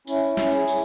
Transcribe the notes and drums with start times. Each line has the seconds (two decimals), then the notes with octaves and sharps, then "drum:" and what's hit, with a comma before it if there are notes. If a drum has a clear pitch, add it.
0.07 C#4 E4, drum: tambourine
0.37 C#4, drum: snare
0.52 E4 G#4
0.68 C#4, drum: tambourine